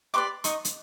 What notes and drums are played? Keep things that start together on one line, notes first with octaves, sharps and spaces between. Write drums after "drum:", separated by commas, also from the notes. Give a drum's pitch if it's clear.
G4 B4 D5 C6 D6
D#4 C#6 D#6, drum: hi-hat
drum: hi-hat